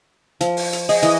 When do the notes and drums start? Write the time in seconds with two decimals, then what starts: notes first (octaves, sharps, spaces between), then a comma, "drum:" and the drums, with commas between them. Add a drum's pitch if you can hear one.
0.41 F3, drum: hi-hat
0.57 drum: open hi-hat
0.73 drum: hi-hat
0.89 G#4 D#5, drum: open hi-hat
1.03 E3, drum: hi-hat